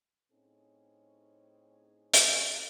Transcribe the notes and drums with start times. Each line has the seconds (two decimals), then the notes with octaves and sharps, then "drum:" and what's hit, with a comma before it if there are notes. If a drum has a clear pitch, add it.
0.32 A2 C4 C#4 D#4 G#4
2.14 drum: hi-hat